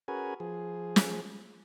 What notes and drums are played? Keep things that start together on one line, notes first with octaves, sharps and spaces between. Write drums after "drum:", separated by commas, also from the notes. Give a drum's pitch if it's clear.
C#4 F#4 G#4 A#4 B4 G#5
F3 G#4
drum: snare